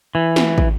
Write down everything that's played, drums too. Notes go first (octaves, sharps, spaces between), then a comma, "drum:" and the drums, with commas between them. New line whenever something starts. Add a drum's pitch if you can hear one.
E3
drum: snare
drum: kick